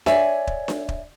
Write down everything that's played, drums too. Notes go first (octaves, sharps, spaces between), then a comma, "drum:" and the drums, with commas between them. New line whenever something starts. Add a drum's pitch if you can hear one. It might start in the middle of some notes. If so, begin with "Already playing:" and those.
C#5 D5 E5 G#5, drum: snare D4
drum: kick
drum: snare D4
drum: kick